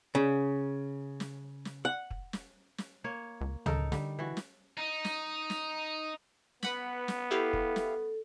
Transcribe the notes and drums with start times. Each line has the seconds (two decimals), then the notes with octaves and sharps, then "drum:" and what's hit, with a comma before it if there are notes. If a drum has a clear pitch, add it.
0.15 C#3
1.20 drum: snare
1.65 drum: snare
1.85 F#5
2.11 drum: kick
2.33 drum: snare
2.78 drum: snare
3.04 A#3 C#5
3.41 C#2
3.66 C#3 D#4 A4 A#4, drum: tom C#2
3.92 D3 G3, drum: snare
4.19 E3 F#4
4.37 drum: snare
4.77 D#4
5.05 drum: snare
5.50 drum: snare
6.63 B3 B4 F#5 B5, drum: snare
7.08 drum: snare
7.31 E4 G4 A4 F5
7.53 drum: kick
7.76 drum: snare